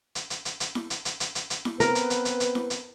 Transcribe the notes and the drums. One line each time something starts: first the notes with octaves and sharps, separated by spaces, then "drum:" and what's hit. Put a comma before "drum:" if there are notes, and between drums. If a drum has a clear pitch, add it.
drum: hi-hat
drum: hi-hat
drum: hi-hat
drum: hi-hat
drum: snare E4
drum: hi-hat
drum: hi-hat
drum: hi-hat
drum: hi-hat
drum: hi-hat
drum: snare E4
B3 C4 A#4 B4, drum: hi-hat
drum: hi-hat
drum: hi-hat
drum: hi-hat
drum: hi-hat
drum: snare E4
drum: hi-hat